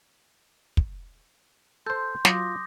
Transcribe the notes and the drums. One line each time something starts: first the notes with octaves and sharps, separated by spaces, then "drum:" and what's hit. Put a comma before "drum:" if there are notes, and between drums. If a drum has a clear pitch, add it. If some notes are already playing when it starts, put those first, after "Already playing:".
drum: kick
A4 C5 C6 G6
F#3 F4 D6 D#6 A#6, drum: snare